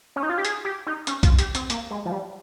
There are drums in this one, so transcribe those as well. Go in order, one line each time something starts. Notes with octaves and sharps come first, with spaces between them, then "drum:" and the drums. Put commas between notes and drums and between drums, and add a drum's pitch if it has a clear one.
C#4
D#4
F4
G4
G#4, drum: hi-hat
G4
D#4
C#4, drum: hi-hat
F4, drum: kick B1, hi-hat
G4, drum: hi-hat
C4, drum: hi-hat
A#3, drum: hi-hat
G#3
F3
G3